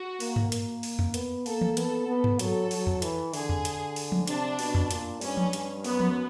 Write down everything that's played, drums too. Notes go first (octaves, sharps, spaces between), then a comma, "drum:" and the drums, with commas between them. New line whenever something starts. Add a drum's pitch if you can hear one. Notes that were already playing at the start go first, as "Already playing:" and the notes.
Already playing: F#4
A#3, drum: open hi-hat
drum: tom G2
A#3, drum: hi-hat
drum: open hi-hat
drum: tom E2
B3, drum: hi-hat
A#3 A4, drum: open hi-hat
drum: tom E3
B3 A4, drum: hi-hat
B3
drum: tom G2
F#3 A4, drum: hi-hat
F#3, drum: open hi-hat
drum: tom E2
E3, drum: hi-hat
D3 G#4, drum: open hi-hat
drum: tom E2
drum: hi-hat
drum: open hi-hat
drum: tom F3
C3 D4, drum: hi-hat
B2, drum: open hi-hat
drum: tom E2
A#2, drum: hi-hat
G2 C#4, drum: open hi-hat
drum: tom F3
G2, drum: hi-hat
F#2 B3, drum: open hi-hat
drum: tom F3